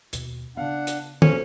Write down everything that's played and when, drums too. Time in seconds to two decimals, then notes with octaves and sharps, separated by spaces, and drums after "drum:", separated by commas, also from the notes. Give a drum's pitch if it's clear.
0.13 D#2 B2, drum: hi-hat
0.57 C#3 B3 D4 F5 F#5
0.87 drum: hi-hat
1.22 B2 F3 A#3 C#4 A4 C5, drum: tom